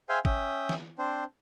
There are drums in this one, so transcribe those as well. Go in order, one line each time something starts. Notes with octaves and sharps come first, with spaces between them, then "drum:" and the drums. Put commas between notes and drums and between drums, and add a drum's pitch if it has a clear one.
G#4 C5 E5 F5 G5 G#5
C#4 E5 G5 D#6, drum: kick
drum: snare
C4 D4 C5